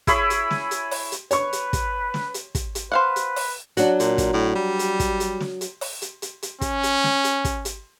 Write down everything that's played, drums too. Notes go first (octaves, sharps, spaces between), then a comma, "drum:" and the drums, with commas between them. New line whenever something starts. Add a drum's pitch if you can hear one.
E4 G#4 C#5 B5, drum: kick, hi-hat
drum: hi-hat
drum: snare
drum: hi-hat
drum: open hi-hat
drum: hi-hat
B4 C#5 C#6, drum: hi-hat
drum: hi-hat
drum: kick, hi-hat
drum: snare
drum: hi-hat
drum: kick, hi-hat
drum: hi-hat
B4 C5 F5 F#5
drum: hi-hat
drum: open hi-hat
F#3 D4 F#4, drum: hi-hat
A#2, drum: hi-hat
drum: kick, hi-hat
A2
G3
drum: hi-hat
drum: kick, hi-hat
drum: hi-hat
drum: snare
drum: hi-hat
drum: open hi-hat
drum: hi-hat
drum: hi-hat
drum: hi-hat
C#4, drum: kick, hi-hat
drum: hi-hat
drum: snare
drum: hi-hat
drum: kick, hi-hat
drum: hi-hat